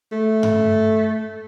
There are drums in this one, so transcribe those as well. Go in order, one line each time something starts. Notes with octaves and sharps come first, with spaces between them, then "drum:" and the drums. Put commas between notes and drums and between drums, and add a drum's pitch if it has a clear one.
A3
drum: tom G2